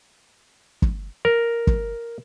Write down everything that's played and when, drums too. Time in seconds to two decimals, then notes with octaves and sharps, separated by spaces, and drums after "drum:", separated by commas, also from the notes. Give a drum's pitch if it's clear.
0.82 drum: kick
1.25 A#4
1.67 drum: kick